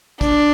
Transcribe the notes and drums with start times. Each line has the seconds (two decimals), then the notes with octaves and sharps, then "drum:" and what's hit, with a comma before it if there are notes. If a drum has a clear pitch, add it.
0.21 D4, drum: kick, hi-hat